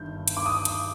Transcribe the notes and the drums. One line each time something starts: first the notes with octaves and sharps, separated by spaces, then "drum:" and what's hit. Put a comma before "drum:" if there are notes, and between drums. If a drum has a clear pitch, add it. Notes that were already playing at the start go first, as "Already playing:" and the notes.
Already playing: G1 G2 D#3 G6
drum: hi-hat
D6
D#6
drum: hi-hat